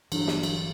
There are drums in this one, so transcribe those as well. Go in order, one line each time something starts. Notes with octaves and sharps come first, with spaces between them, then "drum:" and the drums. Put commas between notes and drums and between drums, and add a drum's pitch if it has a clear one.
G2 D3 E3 F#3, drum: cymbal
drum: snare
drum: cymbal